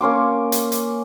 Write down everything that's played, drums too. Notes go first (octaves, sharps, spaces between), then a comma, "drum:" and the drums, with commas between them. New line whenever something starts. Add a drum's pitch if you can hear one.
A#3 C#4 C6 D6
drum: hi-hat
drum: hi-hat